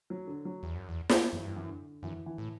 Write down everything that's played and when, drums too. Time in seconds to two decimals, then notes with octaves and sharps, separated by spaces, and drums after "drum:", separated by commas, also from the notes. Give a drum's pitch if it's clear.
0.10 F#3
0.27 D3
0.45 F#3
0.63 E2
0.75 F#2
0.88 E2
1.09 drum: snare
1.33 F#2 E3
1.45 G2
1.56 F#2 E3
1.68 D3
2.03 F#2 E3
2.26 E3
2.38 A2